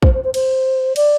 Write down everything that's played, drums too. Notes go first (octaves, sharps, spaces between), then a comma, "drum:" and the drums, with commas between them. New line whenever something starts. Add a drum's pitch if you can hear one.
C5, drum: kick
C5
C5
C5, drum: cymbal
D5, drum: cymbal